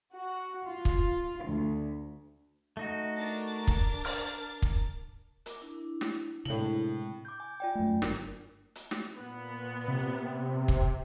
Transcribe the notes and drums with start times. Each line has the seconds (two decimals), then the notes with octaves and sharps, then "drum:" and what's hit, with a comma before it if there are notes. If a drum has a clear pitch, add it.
0.14 F#4
0.65 F4
0.85 drum: kick
1.43 D2
2.77 A3 D#4 F#4
3.18 D4 A#4 A6
3.67 drum: kick
4.05 F6, drum: open hi-hat
4.62 drum: kick
5.46 A#4 D6, drum: hi-hat
5.62 D4 E4
6.01 drum: snare
6.45 A2 C3 G#3 F#7
7.25 D6 G6
7.40 G#5
7.60 F4 D5 G5
7.75 F#2 A3
8.02 G1 D4 A#4, drum: snare
8.75 drum: hi-hat
8.91 drum: snare
9.16 A#2 B3
9.88 C3
10.68 drum: kick